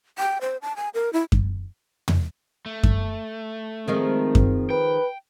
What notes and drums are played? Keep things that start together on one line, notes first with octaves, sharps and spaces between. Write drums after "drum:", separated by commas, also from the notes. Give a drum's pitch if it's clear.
G5
C5
A5
G#5
A#4
E4
drum: kick F#2
drum: tom
A3
drum: kick F#2
D#3 F3 G#3 C4
drum: kick F#2
B4 G5